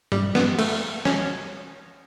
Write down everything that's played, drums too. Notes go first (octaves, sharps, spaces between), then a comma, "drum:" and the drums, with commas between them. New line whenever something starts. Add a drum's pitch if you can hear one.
G3, drum: tom G2
B3, drum: snare
A3, drum: cymbal
C#4, drum: snare